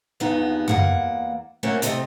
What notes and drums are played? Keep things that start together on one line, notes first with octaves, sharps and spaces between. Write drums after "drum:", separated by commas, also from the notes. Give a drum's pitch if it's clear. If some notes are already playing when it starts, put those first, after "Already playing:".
E2 G2 C3 F3 B3 D#4
E2 A#3 F#5, drum: tom F#2
A3 A#3 C4 C#4 F#4
C3 A3 C4 D#5, drum: hi-hat